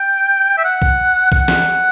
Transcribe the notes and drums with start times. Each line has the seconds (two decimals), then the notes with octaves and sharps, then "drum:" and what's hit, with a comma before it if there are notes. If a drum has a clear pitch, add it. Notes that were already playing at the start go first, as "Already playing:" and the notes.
Already playing: G5
0.58 E5
0.65 F#5
0.82 drum: kick
1.32 F#5, drum: kick
1.48 drum: snare